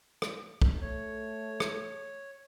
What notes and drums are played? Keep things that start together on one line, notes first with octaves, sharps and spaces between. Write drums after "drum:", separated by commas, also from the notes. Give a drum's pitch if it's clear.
drum: rim click
drum: kick
A3 C#5
drum: rim click